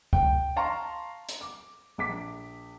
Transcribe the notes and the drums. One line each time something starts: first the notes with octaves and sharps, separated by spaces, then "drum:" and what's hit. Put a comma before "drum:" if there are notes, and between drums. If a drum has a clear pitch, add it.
G5, drum: kick
F5 A5 A#5 C6 C#6
drum: hi-hat
D6
A#1 D6 B6